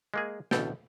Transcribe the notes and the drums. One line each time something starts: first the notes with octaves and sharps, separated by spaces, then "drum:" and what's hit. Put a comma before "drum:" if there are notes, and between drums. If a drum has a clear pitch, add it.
G#3 A#3 G#4
A1 D2 B2 A4 G5, drum: snare